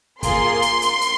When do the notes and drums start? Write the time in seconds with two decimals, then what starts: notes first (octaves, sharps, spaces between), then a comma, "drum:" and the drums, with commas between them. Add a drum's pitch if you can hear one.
0.23 A#3 F4 G#4 C6, drum: kick, hi-hat
0.62 drum: hi-hat
0.82 drum: hi-hat
1.01 drum: hi-hat